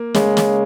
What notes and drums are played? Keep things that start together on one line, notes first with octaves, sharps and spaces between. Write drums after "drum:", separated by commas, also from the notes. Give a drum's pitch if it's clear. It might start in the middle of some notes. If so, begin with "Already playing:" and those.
Already playing: A#3
C#3 G#3, drum: snare
drum: snare